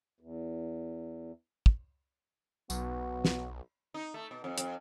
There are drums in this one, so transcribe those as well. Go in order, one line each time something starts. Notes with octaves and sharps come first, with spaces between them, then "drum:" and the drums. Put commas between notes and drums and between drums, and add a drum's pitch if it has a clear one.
E2
drum: kick
B1 B3 F#4, drum: tambourine
drum: snare
D#4
A3
B2
F2
F2, drum: hi-hat